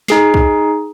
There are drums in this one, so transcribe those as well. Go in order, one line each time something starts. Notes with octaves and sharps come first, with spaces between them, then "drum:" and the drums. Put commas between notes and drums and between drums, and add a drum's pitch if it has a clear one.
D#4 G#4 C7, drum: snare
drum: kick